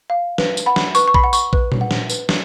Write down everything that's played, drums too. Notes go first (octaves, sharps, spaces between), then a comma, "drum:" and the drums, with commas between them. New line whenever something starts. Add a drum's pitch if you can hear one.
F5
B4, drum: snare
drum: tambourine
F#5 B5
drum: snare
B4 C#6, drum: tambourine
C#6
B5, drum: kick A#1
F#5
C#6, drum: tambourine
B4, drum: kick A#1
drum: tom
F#5
drum: snare
B4, drum: tambourine
drum: snare